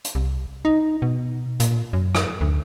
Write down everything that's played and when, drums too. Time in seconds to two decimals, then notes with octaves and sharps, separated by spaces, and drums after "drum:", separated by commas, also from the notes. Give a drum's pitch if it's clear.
0.05 drum: hi-hat
0.15 C2
0.65 D#4
1.02 B2
1.60 A#2, drum: hi-hat
1.93 F#2
2.15 drum: rim click
2.41 D2